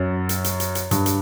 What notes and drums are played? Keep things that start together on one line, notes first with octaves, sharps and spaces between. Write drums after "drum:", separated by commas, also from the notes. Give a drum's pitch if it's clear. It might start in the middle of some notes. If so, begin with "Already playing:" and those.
Already playing: F#2
drum: hi-hat
drum: hi-hat
drum: hi-hat
drum: hi-hat
G2, drum: hi-hat
drum: hi-hat